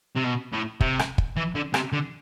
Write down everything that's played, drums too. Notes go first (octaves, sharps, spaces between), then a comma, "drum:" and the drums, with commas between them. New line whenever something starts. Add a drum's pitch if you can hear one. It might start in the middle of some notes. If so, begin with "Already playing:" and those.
C3
B2
A2
C3, drum: kick
drum: rim click
drum: kick
E3
D3
C3, drum: rim click
D3